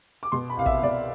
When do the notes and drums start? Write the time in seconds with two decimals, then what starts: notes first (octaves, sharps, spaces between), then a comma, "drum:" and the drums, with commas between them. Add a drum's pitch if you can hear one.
0.23 D6
0.32 B2 C6
0.50 B5
0.57 C2 F5
0.66 E5, drum: kick
0.82 B2 D5